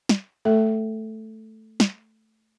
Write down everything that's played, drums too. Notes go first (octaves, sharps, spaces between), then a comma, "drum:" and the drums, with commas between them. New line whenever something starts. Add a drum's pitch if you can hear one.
drum: snare
A3 A4 E5
drum: snare